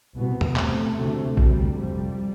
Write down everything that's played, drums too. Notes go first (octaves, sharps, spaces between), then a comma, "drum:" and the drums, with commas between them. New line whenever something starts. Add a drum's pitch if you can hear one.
C2 B2 B3
drum: tom E2
F2 C3 A3, drum: clap
D2 C3
D2 C3 G3, drum: kick A#1
F2 C3 G3